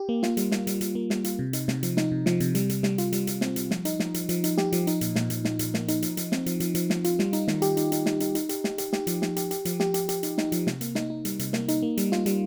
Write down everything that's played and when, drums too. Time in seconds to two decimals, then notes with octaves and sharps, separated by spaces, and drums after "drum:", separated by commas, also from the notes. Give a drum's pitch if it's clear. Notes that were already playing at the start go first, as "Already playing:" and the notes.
Already playing: G4
0.09 A#3
0.23 F4, drum: snare
0.37 G3, drum: hi-hat
0.52 G3, drum: snare
0.67 G3, drum: hi-hat
0.81 G3, drum: hi-hat
0.95 A#3
1.10 G3, drum: snare
1.24 F4, drum: hi-hat
1.39 C3
1.53 D#4, drum: hi-hat
1.68 C3, drum: snare
1.83 F3, drum: hi-hat
1.97 D#4, drum: snare
2.12 C3
2.26 F3, drum: snare
2.40 C3, drum: hi-hat
2.55 G3, drum: hi-hat
2.70 G3, drum: hi-hat
2.83 G3, drum: snare
2.98 F4, drum: hi-hat
3.12 G3, drum: hi-hat
3.27 G3, drum: hi-hat
3.41 C4, drum: snare
3.56 G3, drum: hi-hat
3.71 F3, drum: snare
3.85 D#4, drum: hi-hat
4.00 F3, drum: snare
4.14 F3, drum: hi-hat
4.29 F3, drum: hi-hat
4.44 D#4, drum: hi-hat
4.58 G4, drum: snare
4.72 F3, drum: hi-hat
4.87 D#4, drum: hi-hat
5.01 A#2, drum: hi-hat
5.15 A#2, drum: snare
5.30 A#2, drum: hi-hat
5.45 D#4, drum: snare
5.59 A#2, drum: hi-hat
5.74 A#3, drum: snare
5.88 D#4, drum: hi-hat
6.02 F3, drum: hi-hat
6.17 F3, drum: hi-hat
6.32 C4, drum: snare
6.46 F3, drum: hi-hat
6.60 F3, drum: hi-hat
6.75 F3, drum: hi-hat
6.90 F3, drum: snare
7.04 F4, drum: hi-hat
7.19 G3, drum: snare
7.33 D#4, drum: hi-hat
7.48 D#3, drum: snare
7.62 G4, drum: hi-hat
7.77 D#4, drum: hi-hat
7.92 D#4, drum: hi-hat
8.06 D#4, drum: snare
8.20 D#4, drum: hi-hat
8.35 D#4, drum: hi-hat
8.49 G4, drum: hi-hat
8.64 G4, drum: snare
8.78 G4, drum: hi-hat
8.93 G4, drum: snare
9.07 F3, drum: hi-hat
9.22 G4, drum: snare
9.37 G4, drum: hi-hat
9.51 G4, drum: hi-hat
9.65 F3, drum: hi-hat
9.80 G4, drum: snare
9.94 G4, drum: hi-hat
10.09 G4, drum: hi-hat
10.23 D#4, drum: hi-hat
10.38 D#4, drum: snare
10.52 F3, drum: hi-hat
10.67 C3, drum: snare
10.81 A#3, drum: hi-hat
10.95 D#4, drum: snare
11.10 D#4
11.25 G3, drum: hi-hat
11.39 C3, drum: hi-hat
11.53 A#3, drum: snare
11.68 D#4, drum: hi-hat
11.82 A#3
11.97 G3, drum: hi-hat
12.12 F4, drum: snare
12.26 G3, drum: hi-hat